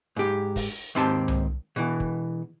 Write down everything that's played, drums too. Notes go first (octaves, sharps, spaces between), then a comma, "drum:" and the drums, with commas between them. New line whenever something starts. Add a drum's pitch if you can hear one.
G#2 G4
drum: kick, open hi-hat
D#2 G#2 C4 G4 A5
drum: tom C2
B2 E3
drum: kick